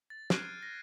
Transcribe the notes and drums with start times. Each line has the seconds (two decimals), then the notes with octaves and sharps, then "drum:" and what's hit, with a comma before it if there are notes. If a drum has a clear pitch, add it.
0.10 A6
0.30 F6 F#6 G#6 C7 D7 D#7, drum: snare
0.63 A#6